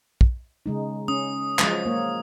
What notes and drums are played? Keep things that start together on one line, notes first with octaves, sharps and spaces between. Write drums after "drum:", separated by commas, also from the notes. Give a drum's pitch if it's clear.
drum: kick
C#3 G#3 D#4
C#4 D#6
F3 F#3 G#3 D#6, drum: clap
A#3 C#5